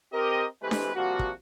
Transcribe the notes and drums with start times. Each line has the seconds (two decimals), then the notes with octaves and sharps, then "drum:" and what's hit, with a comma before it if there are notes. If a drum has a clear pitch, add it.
0.13 C4 G4 A#4 D#5
0.62 E3 G#3 A3 C4 G4 B4
0.71 drum: snare D4
0.95 C3 F3 G3 A#3 F#4
1.19 drum: kick